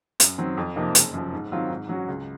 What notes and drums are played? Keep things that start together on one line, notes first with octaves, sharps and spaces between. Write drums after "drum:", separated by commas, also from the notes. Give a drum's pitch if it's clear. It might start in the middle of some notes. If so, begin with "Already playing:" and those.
F#2, drum: hi-hat
D#3 F#3 C4
F2
C3 F3 A#3 D#4
F#1, drum: hi-hat
F#2 F3
G#2
D#3 F#3 C4 F4
G#2
F#3 C#4 F#4
C#2